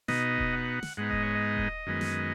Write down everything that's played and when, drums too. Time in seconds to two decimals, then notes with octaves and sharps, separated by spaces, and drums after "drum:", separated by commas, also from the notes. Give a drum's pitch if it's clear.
0.08 B2 B3 D#4 D#5, drum: snare
0.38 drum: kick D#1
0.53 F#5
0.83 drum: snare
0.97 G#2 G#3 B3 D#4 F#5
1.10 D#5, drum: kick D#1
1.23 C#5
1.35 D#5
1.57 drum: kick D#1
1.86 F#2 D#3 G#3 B3
2.01 drum: snare